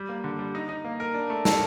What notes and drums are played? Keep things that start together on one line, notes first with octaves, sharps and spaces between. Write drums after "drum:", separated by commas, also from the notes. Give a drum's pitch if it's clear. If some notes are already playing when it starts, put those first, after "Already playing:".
Already playing: G3
A#3
D3
G3
D#4
D#4
A#3
A#4
D4
A3
A4, drum: snare